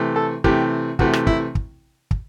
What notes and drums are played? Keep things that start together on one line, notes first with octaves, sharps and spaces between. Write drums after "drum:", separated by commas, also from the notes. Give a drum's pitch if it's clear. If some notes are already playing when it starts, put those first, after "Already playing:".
Already playing: C3 E3 A3
A4
C3 E3 A3 G4, drum: kick
C3 E3 A3 F#4, drum: kick
drum: rim click
E4, drum: kick
drum: kick
drum: kick